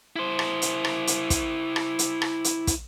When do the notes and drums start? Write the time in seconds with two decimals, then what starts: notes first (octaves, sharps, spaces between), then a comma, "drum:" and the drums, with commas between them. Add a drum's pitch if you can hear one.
0.16 E4 C5
0.39 drum: rim click
0.62 drum: hi-hat
0.85 drum: rim click
1.07 drum: hi-hat
1.30 drum: kick, hi-hat
1.76 drum: rim click
1.99 drum: hi-hat
2.22 drum: rim click
2.44 drum: hi-hat
2.67 drum: kick, hi-hat